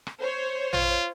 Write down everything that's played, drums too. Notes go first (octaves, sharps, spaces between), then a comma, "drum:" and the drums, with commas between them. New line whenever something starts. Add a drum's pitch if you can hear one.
drum: rim click
C5 C#5
F4, drum: tom